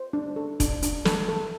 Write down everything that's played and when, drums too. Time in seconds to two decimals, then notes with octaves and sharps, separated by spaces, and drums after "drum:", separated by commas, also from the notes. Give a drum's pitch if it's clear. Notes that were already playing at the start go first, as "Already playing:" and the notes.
Already playing: C5
0.13 D4
0.36 A4
0.60 D4, drum: kick E1, hi-hat
0.82 D4, drum: hi-hat
1.05 A4, drum: snare
1.29 A4